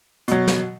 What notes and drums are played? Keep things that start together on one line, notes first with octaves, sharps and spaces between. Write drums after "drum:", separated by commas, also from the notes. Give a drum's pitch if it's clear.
B2 F#3, drum: hi-hat
drum: snare